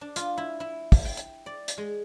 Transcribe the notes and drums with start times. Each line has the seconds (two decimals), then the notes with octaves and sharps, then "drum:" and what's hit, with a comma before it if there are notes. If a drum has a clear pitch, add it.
0.01 D4
0.16 F4, drum: hi-hat
0.38 E4
0.60 E4
0.92 drum: kick, open hi-hat
1.05 G5
1.17 drum: hi-hat
1.46 D5
1.68 drum: hi-hat
1.78 G#3